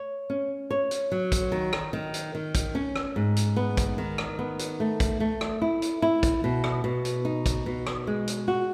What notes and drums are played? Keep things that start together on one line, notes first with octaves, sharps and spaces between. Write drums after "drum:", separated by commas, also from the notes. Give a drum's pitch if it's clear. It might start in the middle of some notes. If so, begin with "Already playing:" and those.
Already playing: C#5
C#4
C#5
drum: hi-hat
F#3
drum: kick, hi-hat
D#3
drum: rim click
D#3
drum: hi-hat
D#3
drum: kick, hi-hat
C#4
drum: rim click
G#2
drum: hi-hat
B3
drum: kick, hi-hat
D#3
drum: rim click
B3
drum: hi-hat
A3
drum: kick, hi-hat
A3
drum: rim click
E4
drum: hi-hat
E4
drum: kick, hi-hat
B2
drum: rim click
B2
drum: hi-hat
D#4
drum: kick, hi-hat
B2
drum: rim click
G#3
drum: hi-hat
F#4